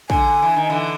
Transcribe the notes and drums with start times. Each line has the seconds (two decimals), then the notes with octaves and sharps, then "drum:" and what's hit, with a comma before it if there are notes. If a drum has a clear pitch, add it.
0.10 D3 G#5, drum: kick
0.42 E3
0.56 D#3
0.70 D3 E3